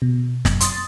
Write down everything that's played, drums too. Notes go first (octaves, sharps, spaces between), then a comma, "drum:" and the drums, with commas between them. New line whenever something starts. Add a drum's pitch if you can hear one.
B2
F#2, drum: snare
C6 D#6 A6, drum: hi-hat